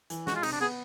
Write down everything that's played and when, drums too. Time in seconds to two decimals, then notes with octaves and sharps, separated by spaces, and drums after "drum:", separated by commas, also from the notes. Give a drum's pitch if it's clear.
0.10 E3, drum: hi-hat
0.27 G#3 F#4, drum: snare
0.36 F4
0.43 C3 D#4, drum: cymbal
0.52 D4
0.61 B3 G#4